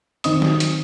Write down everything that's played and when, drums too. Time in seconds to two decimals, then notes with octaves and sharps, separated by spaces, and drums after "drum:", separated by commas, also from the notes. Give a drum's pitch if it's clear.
0.24 D#3 C4 D#4 D#5 D#6, drum: hi-hat
0.42 drum: snare
0.60 drum: hi-hat